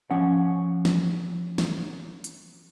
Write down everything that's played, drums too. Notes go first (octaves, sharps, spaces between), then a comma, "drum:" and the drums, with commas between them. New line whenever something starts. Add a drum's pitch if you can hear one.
F3 C#4 F#5
drum: snare
drum: snare
drum: hi-hat